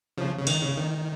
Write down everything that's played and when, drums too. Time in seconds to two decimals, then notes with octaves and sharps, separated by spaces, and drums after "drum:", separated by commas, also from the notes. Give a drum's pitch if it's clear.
0.17 C#3 F3
0.38 C#3
0.47 D#3, drum: cymbal
0.62 C#3
0.77 D#3